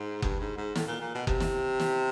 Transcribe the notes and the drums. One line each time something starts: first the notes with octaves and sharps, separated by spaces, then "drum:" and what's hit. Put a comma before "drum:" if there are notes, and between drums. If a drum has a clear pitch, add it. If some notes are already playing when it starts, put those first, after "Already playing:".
Already playing: G#2
G2, drum: kick F#1
G#2
G#2
A2, drum: snare
A#2
A#2
B2
C3, drum: kick F#1
drum: snare
drum: snare